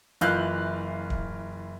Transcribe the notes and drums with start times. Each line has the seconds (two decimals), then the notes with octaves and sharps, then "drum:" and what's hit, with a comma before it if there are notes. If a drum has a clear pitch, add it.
0.21 F#1 E3 F4 F5 F#6 G6, drum: hi-hat
1.10 drum: kick